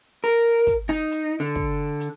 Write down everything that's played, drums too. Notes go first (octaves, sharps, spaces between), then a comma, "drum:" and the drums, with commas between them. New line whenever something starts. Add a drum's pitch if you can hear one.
A#4, drum: hi-hat
drum: kick, hi-hat
D#4, drum: rim click
drum: hi-hat
D3
drum: kick
drum: hi-hat